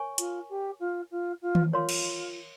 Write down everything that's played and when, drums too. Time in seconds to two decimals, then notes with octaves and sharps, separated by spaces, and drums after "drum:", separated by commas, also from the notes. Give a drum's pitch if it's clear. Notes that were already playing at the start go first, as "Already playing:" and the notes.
Already playing: A#4 C#5 G#5 C#6
0.18 F4, drum: hi-hat
0.49 G4
0.80 F4
1.11 F4
1.42 F4
1.55 drum: tom D#3
1.73 F4 A#4 C#5 F5 C6
1.89 drum: cymbal